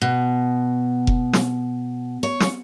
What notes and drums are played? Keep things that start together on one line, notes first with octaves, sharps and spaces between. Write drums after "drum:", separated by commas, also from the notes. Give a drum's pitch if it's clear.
B2
drum: kick F1
drum: snare
C#5
drum: snare